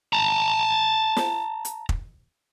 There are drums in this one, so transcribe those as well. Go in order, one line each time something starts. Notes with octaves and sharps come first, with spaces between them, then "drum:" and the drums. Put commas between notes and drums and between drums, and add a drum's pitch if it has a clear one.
A5 A#5
drum: snare
drum: hi-hat
drum: kick